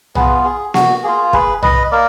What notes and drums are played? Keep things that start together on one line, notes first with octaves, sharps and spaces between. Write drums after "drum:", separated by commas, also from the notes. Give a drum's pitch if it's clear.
B3 F4 G#4 B4, drum: tom
G#4
F#4, drum: snare A#3
A#3 F4 G#4
G#4 B4, drum: kick
B4 D#5, drum: tom
A#3 A#4 D5